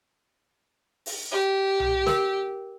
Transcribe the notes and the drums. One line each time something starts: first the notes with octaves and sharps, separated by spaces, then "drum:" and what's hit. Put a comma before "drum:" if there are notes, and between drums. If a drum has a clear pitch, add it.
drum: open hi-hat
G4
drum: tom B1
A#4, drum: snare